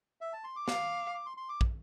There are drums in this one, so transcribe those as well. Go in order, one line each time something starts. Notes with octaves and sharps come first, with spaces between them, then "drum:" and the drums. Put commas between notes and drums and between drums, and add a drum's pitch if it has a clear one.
E5
A5
C6
D6
F5, drum: snare
D6
C6
C6
D6
drum: kick